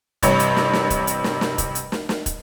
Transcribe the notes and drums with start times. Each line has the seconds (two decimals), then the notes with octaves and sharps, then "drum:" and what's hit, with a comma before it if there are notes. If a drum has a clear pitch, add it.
0.23 A1 G2 C3 C#5, drum: kick, hi-hat
0.39 drum: hi-hat
0.56 drum: snare
0.73 drum: snare
0.90 drum: kick, hi-hat
1.07 drum: hi-hat
1.24 drum: snare
1.41 drum: snare
1.58 drum: kick, hi-hat
1.75 drum: hi-hat
1.92 drum: snare
2.09 drum: snare
2.26 drum: kick, hi-hat